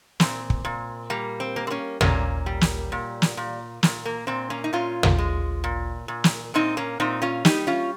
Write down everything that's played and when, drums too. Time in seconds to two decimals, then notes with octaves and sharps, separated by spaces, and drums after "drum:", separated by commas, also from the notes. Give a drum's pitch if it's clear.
0.20 A#2 C4, drum: snare
0.50 drum: kick
0.65 A#2
1.10 G3 A#3
1.40 C4
1.56 A#3
1.67 C4
1.70 A#3 C#4
2.01 A#2 A#3 C#4, drum: tom
2.46 G3
2.61 drum: snare
2.92 A#2
3.22 drum: snare
3.37 A#2
3.83 A#2, drum: snare
4.05 A#3
4.27 A#2 C4
4.50 A#3 C#4
4.64 D#4
4.73 A#2 C#4 F4
5.03 drum: tom
5.18 G#3
5.64 A#2
6.08 A#2
6.24 drum: snare
6.54 A#2 C4 D#4
6.77 A#3 C#4
7.00 A#2 C4 D#4
7.22 C#4 F4
7.45 G3 D#4 G4, drum: snare
7.67 C#4 F4